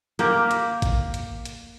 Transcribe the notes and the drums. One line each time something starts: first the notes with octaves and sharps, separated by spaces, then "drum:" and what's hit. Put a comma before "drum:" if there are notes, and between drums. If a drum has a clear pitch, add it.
A#3 G4 A#4, drum: hi-hat
drum: hi-hat
drum: kick G#1, hi-hat
drum: hi-hat
drum: hi-hat